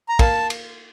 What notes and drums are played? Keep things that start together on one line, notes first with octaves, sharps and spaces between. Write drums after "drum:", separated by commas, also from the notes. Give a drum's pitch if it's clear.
A#5
A#3 A5, drum: kick, cymbal
drum: cymbal